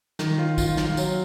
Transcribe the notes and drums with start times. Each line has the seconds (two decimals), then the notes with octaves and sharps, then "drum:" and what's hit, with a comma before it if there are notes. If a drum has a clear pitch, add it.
0.19 D#3, drum: snare
0.38 F4
0.58 F4, drum: kick A#1, tambourine
0.77 F4, drum: snare
0.97 F#3, drum: tambourine